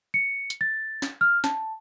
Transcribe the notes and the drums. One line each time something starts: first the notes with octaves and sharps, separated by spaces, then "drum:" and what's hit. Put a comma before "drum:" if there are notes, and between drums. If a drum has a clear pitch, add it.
C#7
drum: hi-hat
A6
drum: snare
F6
A5, drum: snare